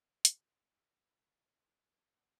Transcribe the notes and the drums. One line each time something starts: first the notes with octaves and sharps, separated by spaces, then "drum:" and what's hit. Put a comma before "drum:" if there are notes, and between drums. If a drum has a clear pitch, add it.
C3 G#3 D#4 G4, drum: hi-hat
G4 E5 E6 F6
E4 B4 F#5
C3 D#3 E3 G#3 C5
A2 A3 B3 C5 D5 F#5